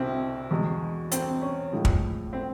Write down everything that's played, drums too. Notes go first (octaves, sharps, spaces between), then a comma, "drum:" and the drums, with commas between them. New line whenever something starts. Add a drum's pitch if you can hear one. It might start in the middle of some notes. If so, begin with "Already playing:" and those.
Already playing: C2 B2 C4 E4
E2 B2 G#3
C4, drum: hi-hat
C#4
A2 F3 G#3
drum: kick
C4